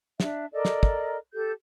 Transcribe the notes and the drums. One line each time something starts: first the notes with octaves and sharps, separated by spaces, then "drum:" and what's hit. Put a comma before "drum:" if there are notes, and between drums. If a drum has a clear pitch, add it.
D4 E5, drum: snare
A4 A#4 D5 D#5
drum: snare
drum: kick
G4 A4 G6